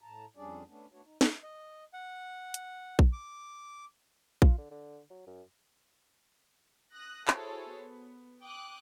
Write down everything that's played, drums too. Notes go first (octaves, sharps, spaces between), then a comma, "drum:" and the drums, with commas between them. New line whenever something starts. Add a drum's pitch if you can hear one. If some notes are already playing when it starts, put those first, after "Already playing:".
A2 A5 A#5
F2 G3 C#4 D4 G#4 D5
A3 B3 C#4 D4
A3 B3 D4 F#4 C#5
D#4
drum: snare
D#5
F#5
drum: hi-hat
drum: kick A#1
D6
F4, drum: kick A#1
D3
D3
F#3
F#2
D#6 F#6 A#6
E4 F#4 G#4 A4 C5 C#5, drum: clap
B3
G5 D6 D#6 F#6